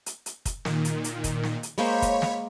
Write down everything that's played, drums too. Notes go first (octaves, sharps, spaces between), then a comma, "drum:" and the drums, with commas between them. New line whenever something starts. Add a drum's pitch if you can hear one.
drum: hi-hat
drum: hi-hat
drum: kick, hi-hat
A#2 D#3, drum: snare
drum: hi-hat
drum: hi-hat
drum: kick, hi-hat
drum: snare
drum: hi-hat
G#3 A#3 C5 C#5 B5
drum: kick, hi-hat
drum: snare